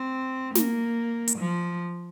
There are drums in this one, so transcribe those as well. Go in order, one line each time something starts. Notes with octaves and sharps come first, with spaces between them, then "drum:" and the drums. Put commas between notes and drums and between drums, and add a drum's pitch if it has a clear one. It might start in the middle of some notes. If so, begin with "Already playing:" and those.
Already playing: C4
A#3, drum: snare
drum: hi-hat
F3